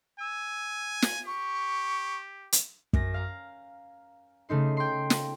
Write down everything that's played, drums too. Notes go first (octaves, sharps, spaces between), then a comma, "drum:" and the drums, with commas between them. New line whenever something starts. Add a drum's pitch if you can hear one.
G#5 E6
drum: snare
G4 C#6
drum: hi-hat
F#2 A#6, drum: kick
F5 A#5
C#3 A3 D#4 C6
G5 C6
drum: snare